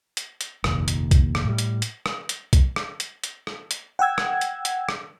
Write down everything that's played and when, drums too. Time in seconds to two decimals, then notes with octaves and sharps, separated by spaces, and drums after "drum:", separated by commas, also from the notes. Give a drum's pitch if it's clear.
0.17 drum: hi-hat
0.41 drum: hi-hat
0.64 F1 A#1 D#2, drum: rim click
0.88 drum: hi-hat
1.11 drum: kick B1, hi-hat
1.35 drum: rim click
1.45 A2 G3
1.58 drum: hi-hat
1.82 drum: hi-hat
2.06 drum: rim click
2.29 drum: hi-hat
2.53 drum: kick B1, hi-hat
2.76 drum: rim click
3.00 drum: hi-hat
3.24 drum: hi-hat
3.47 drum: rim click
3.71 drum: hi-hat
3.99 F#5 G5 E6 G#6
4.18 drum: rim click
4.41 drum: hi-hat
4.65 drum: hi-hat
4.89 drum: rim click